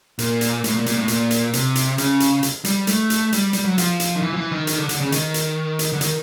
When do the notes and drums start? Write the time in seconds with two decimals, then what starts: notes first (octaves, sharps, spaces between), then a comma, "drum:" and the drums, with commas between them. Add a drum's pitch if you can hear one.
0.19 A#2, drum: hi-hat
0.41 drum: hi-hat
0.64 A2, drum: hi-hat
0.75 A#2
0.86 A#2, drum: hi-hat
0.97 A2
1.08 A#2, drum: hi-hat
1.31 drum: hi-hat
1.53 C3, drum: hi-hat
1.75 drum: hi-hat
1.98 C#3, drum: hi-hat
2.20 drum: hi-hat
2.43 drum: hi-hat
2.65 G3, drum: hi-hat
2.87 A3, drum: hi-hat
3.10 drum: hi-hat
3.33 G3, drum: hi-hat
3.53 G3, drum: hi-hat
3.65 F#3
3.78 F3, drum: hi-hat
4.00 drum: hi-hat
4.16 D#3
4.22 E3
4.33 F3
4.36 E3
4.52 D#3
4.67 D#3, drum: hi-hat
4.78 D3
4.89 D3, drum: hi-hat
5.01 C#3
5.12 D#3, drum: hi-hat
5.34 drum: hi-hat
5.79 drum: hi-hat
5.93 D3
6.01 D#3, drum: hi-hat